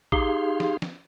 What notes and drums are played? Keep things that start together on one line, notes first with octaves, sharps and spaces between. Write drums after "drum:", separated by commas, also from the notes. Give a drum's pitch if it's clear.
D#4 G4 G#4 F5 C6, drum: kick
drum: snare
drum: snare